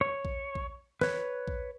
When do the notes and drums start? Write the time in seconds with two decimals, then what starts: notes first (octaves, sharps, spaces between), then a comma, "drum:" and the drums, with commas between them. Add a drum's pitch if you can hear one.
0.01 C#5
0.25 drum: kick A#1
0.55 drum: kick A#1
1.01 B4 C#5, drum: snare
1.48 drum: kick A#1